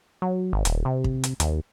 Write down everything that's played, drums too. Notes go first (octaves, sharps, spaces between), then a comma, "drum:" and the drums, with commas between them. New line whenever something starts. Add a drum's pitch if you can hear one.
F#3
G#1
D#1, drum: hi-hat
C3
drum: kick
drum: hi-hat
D#2, drum: hi-hat